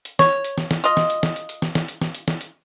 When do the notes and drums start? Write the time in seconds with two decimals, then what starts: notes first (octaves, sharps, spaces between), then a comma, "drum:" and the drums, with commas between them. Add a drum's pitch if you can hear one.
0.05 drum: hi-hat
0.19 C#5, drum: snare
0.45 drum: hi-hat
0.58 drum: snare
0.71 drum: snare
0.84 F4 D#5, drum: hi-hat
0.97 drum: snare
1.10 drum: hi-hat
1.23 drum: snare
1.36 drum: hi-hat
1.49 drum: hi-hat
1.62 drum: snare
1.75 drum: snare
1.88 drum: hi-hat
2.01 drum: snare
2.15 drum: hi-hat
2.28 drum: snare
2.41 drum: hi-hat